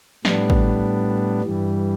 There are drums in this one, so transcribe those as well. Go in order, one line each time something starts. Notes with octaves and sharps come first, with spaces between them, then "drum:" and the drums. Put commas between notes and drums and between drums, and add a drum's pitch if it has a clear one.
A2 G3 B3 D4, drum: snare
drum: kick
G2 E3 G3